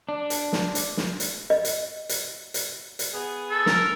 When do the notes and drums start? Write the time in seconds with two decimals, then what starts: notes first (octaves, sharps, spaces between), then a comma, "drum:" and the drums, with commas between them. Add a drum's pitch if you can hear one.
0.09 D4
0.30 drum: hi-hat
0.53 drum: snare
0.75 drum: hi-hat
0.97 drum: snare
1.20 drum: hi-hat
1.50 D#5
1.65 drum: hi-hat
2.09 drum: hi-hat
2.54 drum: hi-hat
2.99 drum: hi-hat
3.14 B3 G#4
3.50 A4
3.66 A#4, drum: snare